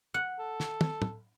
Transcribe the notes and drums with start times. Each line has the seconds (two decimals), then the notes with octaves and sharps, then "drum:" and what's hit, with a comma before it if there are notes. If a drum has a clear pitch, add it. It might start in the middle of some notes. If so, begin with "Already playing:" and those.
0.14 F#5
0.39 A4
0.60 drum: snare
0.81 drum: tom
1.02 drum: tom